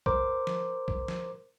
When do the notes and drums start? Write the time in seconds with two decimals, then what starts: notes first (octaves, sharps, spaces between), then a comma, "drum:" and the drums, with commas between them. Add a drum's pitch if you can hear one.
0.06 A#4 C5 D6, drum: kick B1
0.47 drum: snare F3
0.88 drum: kick B1
1.08 drum: snare F3